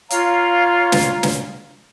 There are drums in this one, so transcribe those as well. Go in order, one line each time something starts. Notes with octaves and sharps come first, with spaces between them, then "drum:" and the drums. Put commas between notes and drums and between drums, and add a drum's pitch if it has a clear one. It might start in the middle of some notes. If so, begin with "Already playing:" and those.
F4 C#5 F5 A#5, drum: hi-hat
drum: snare
drum: snare